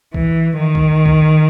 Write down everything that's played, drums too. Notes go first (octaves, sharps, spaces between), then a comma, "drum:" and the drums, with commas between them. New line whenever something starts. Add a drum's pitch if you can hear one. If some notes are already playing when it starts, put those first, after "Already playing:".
E3, drum: kick C2
D#3
drum: kick C2
drum: kick C2